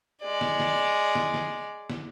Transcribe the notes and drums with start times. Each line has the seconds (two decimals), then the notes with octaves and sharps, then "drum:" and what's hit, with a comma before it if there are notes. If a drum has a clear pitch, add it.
0.23 G#3 D5
0.41 drum: snare
0.60 drum: snare
1.15 drum: snare
1.34 drum: snare
1.90 drum: snare